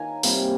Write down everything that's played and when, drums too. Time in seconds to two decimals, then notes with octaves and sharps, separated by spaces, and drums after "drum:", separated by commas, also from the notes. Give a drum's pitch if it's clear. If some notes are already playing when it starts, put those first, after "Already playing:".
Already playing: D#3 C#5 F5 G#5 A#5
0.23 C3 G3 A#3, drum: open hi-hat